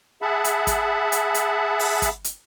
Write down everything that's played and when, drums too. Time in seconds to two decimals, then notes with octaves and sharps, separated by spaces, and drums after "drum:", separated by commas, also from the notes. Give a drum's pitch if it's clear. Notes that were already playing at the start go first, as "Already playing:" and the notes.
0.22 G#4 E5 F#5 A5 B5
0.44 drum: hi-hat
0.67 drum: kick, hi-hat
1.12 drum: hi-hat
1.34 drum: hi-hat
1.79 drum: open hi-hat
2.02 drum: kick, hi-hat
2.24 drum: hi-hat